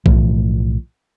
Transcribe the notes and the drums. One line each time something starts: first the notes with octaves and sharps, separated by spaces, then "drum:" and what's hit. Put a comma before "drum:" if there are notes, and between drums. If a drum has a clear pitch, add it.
B1 A2 E3 F3, drum: kick B1